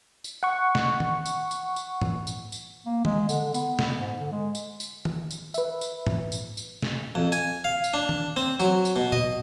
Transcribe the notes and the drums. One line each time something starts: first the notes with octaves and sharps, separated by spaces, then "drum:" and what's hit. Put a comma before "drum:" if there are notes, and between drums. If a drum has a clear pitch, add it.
drum: tambourine
F#5 C#6
drum: snare
drum: tom
drum: tambourine
drum: tambourine
drum: tambourine
drum: tom
drum: tambourine
drum: tambourine
A#3
G#3, drum: tom
D3, drum: tambourine
B3, drum: tambourine
drum: snare
G#2
D3
G#3
drum: tambourine
drum: tambourine
drum: tom
drum: tambourine
B4 E5, drum: tambourine
drum: tambourine
drum: tom
drum: tambourine
drum: tambourine
drum: snare
F2
G#5, drum: tambourine
F5
drum: tambourine
D4
drum: tom
C4
F#3, drum: tambourine
drum: tambourine
B2
D#5, drum: tom A#2